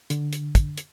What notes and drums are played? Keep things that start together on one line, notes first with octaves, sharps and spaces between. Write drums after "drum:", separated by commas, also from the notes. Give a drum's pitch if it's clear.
D3, drum: hi-hat
drum: hi-hat
drum: kick, hi-hat
drum: hi-hat